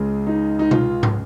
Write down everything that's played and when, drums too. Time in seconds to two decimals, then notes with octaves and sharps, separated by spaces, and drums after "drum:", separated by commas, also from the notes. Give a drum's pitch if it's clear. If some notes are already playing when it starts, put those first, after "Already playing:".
Already playing: C#2 C#3 G#3
0.27 D#4
0.59 D#4
0.71 F4, drum: tom B2
1.03 drum: tom